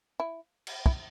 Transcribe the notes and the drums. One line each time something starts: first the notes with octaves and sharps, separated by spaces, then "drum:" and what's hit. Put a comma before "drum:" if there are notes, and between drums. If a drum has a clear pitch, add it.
E4
drum: cymbal
E4, drum: kick